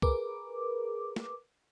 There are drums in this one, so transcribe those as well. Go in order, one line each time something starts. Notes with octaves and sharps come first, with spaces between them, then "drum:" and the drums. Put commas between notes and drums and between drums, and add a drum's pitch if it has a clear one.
G#4 A#4 B4 D6, drum: kick
drum: snare